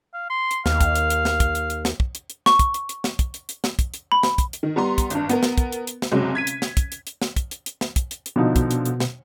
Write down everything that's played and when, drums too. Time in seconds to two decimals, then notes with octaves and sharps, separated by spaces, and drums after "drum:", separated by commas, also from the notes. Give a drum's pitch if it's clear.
0.14 F5
0.30 C6
0.51 drum: hi-hat
0.66 D#2 F5, drum: snare
0.81 drum: kick, hi-hat
0.95 drum: hi-hat
1.10 drum: hi-hat
1.25 drum: snare
1.40 drum: kick, hi-hat
1.55 drum: hi-hat
1.70 drum: hi-hat
1.85 drum: snare
2.00 drum: kick
2.15 drum: hi-hat
2.30 drum: hi-hat
2.46 C#6, drum: snare
2.59 drum: kick, hi-hat
2.74 drum: hi-hat
2.89 drum: hi-hat
3.04 drum: snare
3.19 drum: kick, hi-hat
3.34 drum: hi-hat
3.49 drum: hi-hat
3.64 drum: snare
3.79 drum: kick, hi-hat
3.94 drum: hi-hat
4.12 B5
4.23 drum: snare
4.38 drum: kick, hi-hat
4.53 drum: hi-hat
4.63 D#3
4.76 G3 B3 A#5 C6
4.98 drum: kick, hi-hat
5.10 G#1 G2, drum: hi-hat
5.29 B3 A#4, drum: hi-hat
5.43 drum: snare
5.58 drum: kick, hi-hat
5.72 drum: hi-hat
5.87 drum: hi-hat
6.02 drum: snare
6.12 F#1 C3 F#3 G#3
6.35 G#6 B6 D#7
6.47 drum: hi-hat
6.62 drum: snare
6.77 drum: kick, hi-hat
6.92 drum: hi-hat
7.07 drum: hi-hat
7.22 drum: snare
7.36 drum: kick, hi-hat
7.51 drum: hi-hat
7.66 drum: hi-hat
7.81 drum: snare
7.96 drum: kick, hi-hat
8.11 drum: hi-hat
8.26 drum: hi-hat
8.36 B2 D3 F3 D#4
8.56 drum: kick, hi-hat
8.71 drum: hi-hat
8.86 drum: hi-hat
9.00 drum: snare